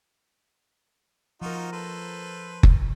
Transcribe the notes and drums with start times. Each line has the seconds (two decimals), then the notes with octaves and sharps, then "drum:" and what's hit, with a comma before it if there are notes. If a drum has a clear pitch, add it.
1.42 F3 D#4 F4 F#4 A#4
1.73 A4 B4 C5
2.63 drum: kick F#1